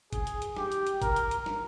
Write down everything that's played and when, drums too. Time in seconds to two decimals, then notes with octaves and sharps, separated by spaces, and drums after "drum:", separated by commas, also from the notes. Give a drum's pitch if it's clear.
0.13 G#4, drum: kick G1, hi-hat
0.27 drum: hi-hat
0.42 drum: hi-hat
0.56 G4, drum: snare
0.72 drum: hi-hat
0.87 drum: hi-hat
1.02 A#4, drum: kick G1, hi-hat
1.16 drum: hi-hat
1.31 drum: hi-hat
1.46 drum: snare